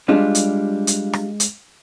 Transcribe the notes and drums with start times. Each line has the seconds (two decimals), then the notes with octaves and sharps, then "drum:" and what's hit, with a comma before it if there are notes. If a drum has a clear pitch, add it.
0.08 G3 G#3 D4 F4
0.35 drum: hi-hat
0.87 drum: hi-hat
1.13 drum: rim click
1.40 drum: hi-hat